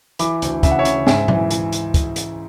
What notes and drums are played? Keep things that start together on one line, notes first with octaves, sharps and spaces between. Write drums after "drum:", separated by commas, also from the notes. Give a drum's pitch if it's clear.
E3 B5 D6, drum: hi-hat
D2, drum: hi-hat
C#3 E5, drum: kick, hi-hat
F#5
C#5 E5
C#3, drum: hi-hat
G#2 E5 G#5, drum: snare
E3, drum: tom A#2
E3, drum: hi-hat
drum: hi-hat
drum: kick, hi-hat
drum: hi-hat